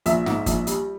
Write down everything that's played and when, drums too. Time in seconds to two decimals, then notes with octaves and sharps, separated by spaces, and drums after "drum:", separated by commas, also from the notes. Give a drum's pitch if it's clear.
0.06 A#1 E5, drum: hi-hat
0.26 G#2, drum: snare
0.46 A#1, drum: kick F#1, hi-hat
0.67 G3, drum: hi-hat